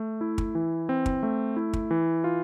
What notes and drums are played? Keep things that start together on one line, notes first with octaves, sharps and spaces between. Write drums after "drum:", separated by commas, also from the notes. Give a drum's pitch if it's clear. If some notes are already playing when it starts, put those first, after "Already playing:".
Already playing: A3
E4
drum: kick
E3
C4
drum: kick
A3
E4
drum: kick
E3
F4